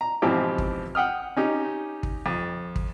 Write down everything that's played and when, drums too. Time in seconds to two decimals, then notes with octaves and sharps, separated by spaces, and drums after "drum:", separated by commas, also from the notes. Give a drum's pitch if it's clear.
0.01 A#5
0.22 G#2 B2 E3 F3 C4 G4
0.58 drum: kick
0.95 F#5 G5 D#6 F6
1.37 C#4 D#4 G4
2.03 drum: kick
2.26 F2
2.76 drum: kick